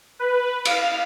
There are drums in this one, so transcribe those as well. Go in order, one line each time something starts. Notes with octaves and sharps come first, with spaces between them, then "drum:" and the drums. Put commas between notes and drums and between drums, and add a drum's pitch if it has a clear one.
B4
F5, drum: cymbal